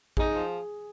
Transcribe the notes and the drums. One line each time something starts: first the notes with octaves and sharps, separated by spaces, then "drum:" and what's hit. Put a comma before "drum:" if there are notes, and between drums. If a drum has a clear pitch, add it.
D#4 G#4, drum: kick A1
F3